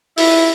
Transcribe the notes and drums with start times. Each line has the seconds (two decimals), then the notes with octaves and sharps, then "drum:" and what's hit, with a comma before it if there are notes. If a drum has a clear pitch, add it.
0.18 E4, drum: open hi-hat